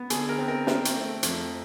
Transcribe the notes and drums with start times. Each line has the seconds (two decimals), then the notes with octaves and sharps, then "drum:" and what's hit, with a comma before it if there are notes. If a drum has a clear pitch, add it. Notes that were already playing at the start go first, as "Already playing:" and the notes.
Already playing: B3
0.10 D3 G#4, drum: hi-hat
0.29 A#4
0.38 C4
0.48 A#4
0.67 C4, drum: snare
0.85 drum: hi-hat
0.95 A3
1.23 F2, drum: hi-hat